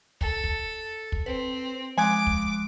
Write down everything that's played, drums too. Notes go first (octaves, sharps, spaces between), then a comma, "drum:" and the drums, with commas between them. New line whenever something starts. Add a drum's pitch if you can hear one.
A4, drum: kick
drum: kick
drum: kick
C4 B4
F3 G#3 G#5 D6 F#6
drum: kick